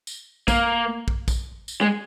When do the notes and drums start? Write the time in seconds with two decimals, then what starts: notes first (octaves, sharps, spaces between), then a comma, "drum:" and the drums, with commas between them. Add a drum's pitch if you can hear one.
0.07 drum: tambourine
0.48 A#3, drum: kick, tambourine
1.08 drum: kick
1.28 drum: kick, tambourine
1.68 drum: tambourine
1.81 G#3